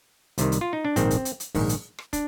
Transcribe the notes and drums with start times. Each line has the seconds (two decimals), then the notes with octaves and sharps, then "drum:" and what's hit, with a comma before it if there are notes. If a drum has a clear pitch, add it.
0.38 C2 C3 D#3, drum: hi-hat
0.52 drum: hi-hat
0.61 F4
0.73 D#4
0.85 D4
0.96 A#1 G#2 D#3 C4, drum: hi-hat
1.11 drum: kick, hi-hat
1.25 drum: hi-hat
1.40 drum: hi-hat
1.55 A#1 G#2 D#3, drum: kick, open hi-hat
1.69 drum: hi-hat
1.98 drum: rim click
2.13 D4, drum: kick, hi-hat